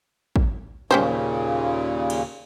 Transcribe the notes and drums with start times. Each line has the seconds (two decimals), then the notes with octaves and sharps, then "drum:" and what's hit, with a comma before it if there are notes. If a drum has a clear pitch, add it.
0.36 drum: kick A1
0.91 D#2 A#2 C#3 C#4 G4 C5, drum: tom
2.10 drum: cymbal